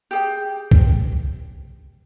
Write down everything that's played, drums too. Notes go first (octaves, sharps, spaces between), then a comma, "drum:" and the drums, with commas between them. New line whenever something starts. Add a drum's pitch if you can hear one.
G4 G#4 G5
drum: kick B1